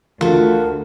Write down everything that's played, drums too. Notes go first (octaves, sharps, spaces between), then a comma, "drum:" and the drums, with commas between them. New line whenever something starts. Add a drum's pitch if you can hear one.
D2 F4 F#4 A4 A#4, drum: tom E3